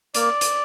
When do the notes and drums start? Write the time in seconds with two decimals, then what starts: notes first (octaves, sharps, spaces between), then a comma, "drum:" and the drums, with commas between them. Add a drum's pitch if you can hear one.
0.14 A#3 D5, drum: hi-hat
0.41 drum: hi-hat